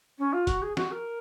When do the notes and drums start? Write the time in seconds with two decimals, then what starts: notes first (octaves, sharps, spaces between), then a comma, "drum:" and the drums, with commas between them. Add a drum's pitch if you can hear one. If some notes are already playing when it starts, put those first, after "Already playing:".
0.19 C#4
0.33 F4
0.47 F#4, drum: kick, hi-hat
0.62 G#4
0.77 F#4, drum: snare
0.91 A#4